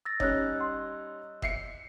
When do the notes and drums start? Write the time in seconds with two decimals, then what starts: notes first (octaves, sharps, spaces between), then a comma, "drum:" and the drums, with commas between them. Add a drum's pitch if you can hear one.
0.05 E6 A6 A#6
0.20 G3 C#4 D#4 C#5 D#5 E6 F#6, drum: kick F#1
0.60 F#5 C6
1.42 E5 C7 C#7, drum: kick F#1